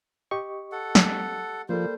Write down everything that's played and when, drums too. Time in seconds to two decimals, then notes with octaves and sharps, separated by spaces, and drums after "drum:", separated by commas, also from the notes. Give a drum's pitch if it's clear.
0.31 G4 D#5 C#6
0.72 A4 F#5
0.95 drum: snare
1.69 F3 G3 A#3 A4 C5